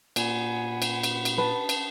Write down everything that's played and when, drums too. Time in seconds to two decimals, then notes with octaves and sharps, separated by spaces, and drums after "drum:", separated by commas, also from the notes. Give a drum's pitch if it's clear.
0.16 A#2 F#5 G#5 B5, drum: cymbal
0.82 drum: cymbal
1.03 drum: cymbal
1.25 drum: cymbal
1.38 B4 A5
1.69 drum: cymbal